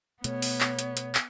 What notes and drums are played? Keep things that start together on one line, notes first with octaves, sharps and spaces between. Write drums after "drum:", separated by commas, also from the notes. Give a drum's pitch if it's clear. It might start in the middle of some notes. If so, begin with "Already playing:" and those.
B2 A3 B3 C#5, drum: hi-hat
drum: open hi-hat
drum: clap
drum: hi-hat
drum: hi-hat
drum: clap